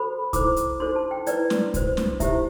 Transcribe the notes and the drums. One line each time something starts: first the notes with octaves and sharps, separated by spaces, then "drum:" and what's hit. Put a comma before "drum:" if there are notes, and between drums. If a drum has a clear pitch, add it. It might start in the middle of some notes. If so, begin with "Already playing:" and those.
Already playing: F#4 A4 C5 B5
E4 A4 C5 D6, drum: kick C2, hi-hat
drum: hi-hat
D4 F#4 A4 C5 C6
A5
G5
E4 B4 D5, drum: hi-hat
drum: snare
F#4 C5, drum: kick C2, hi-hat
drum: snare
E4 G4 C5 E5, drum: kick C2, hi-hat